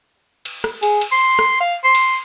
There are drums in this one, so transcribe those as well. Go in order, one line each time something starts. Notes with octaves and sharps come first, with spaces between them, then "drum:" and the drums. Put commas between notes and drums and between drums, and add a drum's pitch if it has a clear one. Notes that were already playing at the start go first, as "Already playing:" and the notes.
drum: cymbal
drum: rim click
G#4, drum: cymbal
drum: cymbal
C6
drum: rim click
F5
C6
drum: cymbal